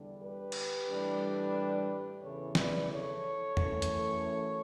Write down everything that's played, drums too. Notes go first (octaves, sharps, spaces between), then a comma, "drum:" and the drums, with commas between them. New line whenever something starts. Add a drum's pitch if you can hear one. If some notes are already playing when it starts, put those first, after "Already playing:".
Already playing: E2 D3 G3 D4
G4 B4
drum: cymbal
A2 E3 G3 D4
E2 C#3 E3 A4 C#5
B4 D5, drum: snare
A4 C#5
F#2 E3 A3 C#4, drum: tom E2
drum: hi-hat